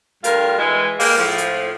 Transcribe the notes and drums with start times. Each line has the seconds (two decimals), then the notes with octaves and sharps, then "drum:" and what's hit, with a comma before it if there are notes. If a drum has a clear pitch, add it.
0.24 D2 G2 G3 F4 A#4, drum: hi-hat
0.58 E3 G#3
1.00 G3 G#3 A#3, drum: open hi-hat
1.18 A2 F3
1.38 drum: hi-hat